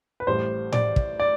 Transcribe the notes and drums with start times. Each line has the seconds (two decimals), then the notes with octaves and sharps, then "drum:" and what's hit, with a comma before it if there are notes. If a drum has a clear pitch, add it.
0.20 B4
0.27 A1 A2 G3 C5
0.72 D5, drum: tom A2
0.96 drum: kick
1.20 D5